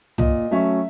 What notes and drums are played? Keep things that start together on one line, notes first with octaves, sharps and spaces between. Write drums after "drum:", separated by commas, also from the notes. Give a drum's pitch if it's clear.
A#2 D#5, drum: tom C2
F#3 A3 C#4 E5